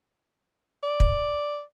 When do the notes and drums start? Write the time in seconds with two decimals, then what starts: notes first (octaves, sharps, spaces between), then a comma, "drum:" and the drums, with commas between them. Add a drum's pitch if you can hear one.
0.83 D5
1.00 drum: kick